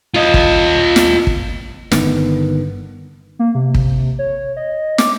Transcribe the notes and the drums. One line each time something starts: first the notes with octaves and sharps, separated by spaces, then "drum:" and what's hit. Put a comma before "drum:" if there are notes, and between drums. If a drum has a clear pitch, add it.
F4 D#5
drum: kick
drum: snare
drum: kick
G1 D3 D#3 B3, drum: snare
A#3
C3
drum: kick
C#5
D#5
D6, drum: snare